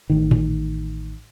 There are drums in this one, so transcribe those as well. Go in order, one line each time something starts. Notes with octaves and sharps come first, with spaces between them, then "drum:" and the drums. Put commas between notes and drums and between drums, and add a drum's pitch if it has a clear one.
A1 D#3
drum: tom A2